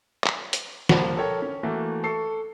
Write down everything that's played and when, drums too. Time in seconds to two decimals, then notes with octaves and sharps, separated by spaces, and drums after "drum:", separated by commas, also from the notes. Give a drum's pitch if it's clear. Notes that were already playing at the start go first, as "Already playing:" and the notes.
0.24 drum: clap
0.53 drum: hi-hat
0.89 D#1 C#2 F3 A#3 F#5 B5, drum: snare
1.17 A4 A#4 C#5 G5
1.42 C#4
1.63 E3 A3 A#3 F#4
2.04 A4 C#6 C7